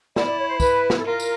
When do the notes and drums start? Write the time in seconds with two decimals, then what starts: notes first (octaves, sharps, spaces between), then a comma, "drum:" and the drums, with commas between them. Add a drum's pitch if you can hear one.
0.16 E4 D5, drum: snare
0.26 D5
0.38 C#5
0.49 C5
0.60 B4, drum: kick, tambourine
0.90 drum: snare
0.99 A4
1.05 F4 A#4
1.20 drum: tambourine